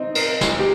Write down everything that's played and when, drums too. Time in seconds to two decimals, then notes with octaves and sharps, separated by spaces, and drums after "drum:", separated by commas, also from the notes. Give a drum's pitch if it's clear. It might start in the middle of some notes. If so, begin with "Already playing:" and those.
Already playing: C4 D#4
0.15 A#4, drum: cymbal
0.41 drum: snare
0.59 G4